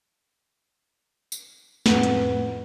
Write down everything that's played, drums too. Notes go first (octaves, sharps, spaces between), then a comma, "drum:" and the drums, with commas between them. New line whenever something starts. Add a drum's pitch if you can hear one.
drum: tambourine
F2 A2 B4 F#5, drum: snare
drum: hi-hat